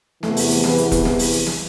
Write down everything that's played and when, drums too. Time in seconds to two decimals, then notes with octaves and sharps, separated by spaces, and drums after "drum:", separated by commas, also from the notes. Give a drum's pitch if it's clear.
0.23 E2 C3 E3 A3, drum: snare
0.37 drum: open hi-hat
0.50 drum: hi-hat
0.64 B3, drum: snare
0.78 drum: hi-hat
0.92 drum: kick E1, hi-hat
1.05 drum: snare
1.19 drum: open hi-hat
1.33 drum: hi-hat
1.47 drum: snare